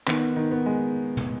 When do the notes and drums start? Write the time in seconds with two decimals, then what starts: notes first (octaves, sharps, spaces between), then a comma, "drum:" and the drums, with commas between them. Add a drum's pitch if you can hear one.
0.07 D#3 B3, drum: clap
0.36 D#3
0.51 B3
0.66 G#3
1.17 drum: tom